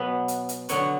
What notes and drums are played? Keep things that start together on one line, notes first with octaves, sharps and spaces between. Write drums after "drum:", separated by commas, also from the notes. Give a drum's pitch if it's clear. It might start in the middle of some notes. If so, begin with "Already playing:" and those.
Already playing: B2 F#3 B3 B4
drum: hi-hat
drum: hi-hat
D3 F#3 B3 C#5, drum: hi-hat